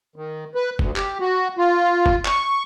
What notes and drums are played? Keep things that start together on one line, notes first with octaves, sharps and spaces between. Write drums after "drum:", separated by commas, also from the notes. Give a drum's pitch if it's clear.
D#3
B4
D2, drum: kick
G4, drum: clap
F#4
F4
drum: kick
C#6, drum: clap